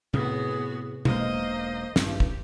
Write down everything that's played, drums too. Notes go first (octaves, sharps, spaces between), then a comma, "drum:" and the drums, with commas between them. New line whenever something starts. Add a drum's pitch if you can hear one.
A2 C3 A3 B3 F#4 G#4
E1 B1 G#3 A#3 B3 C5 D#5, drum: tom
A1 G2 G4, drum: snare
drum: kick